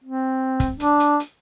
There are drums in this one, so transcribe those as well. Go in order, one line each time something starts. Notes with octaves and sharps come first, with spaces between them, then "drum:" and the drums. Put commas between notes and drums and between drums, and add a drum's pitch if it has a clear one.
C4
drum: kick, hi-hat
D4, drum: hi-hat
drum: hi-hat
drum: hi-hat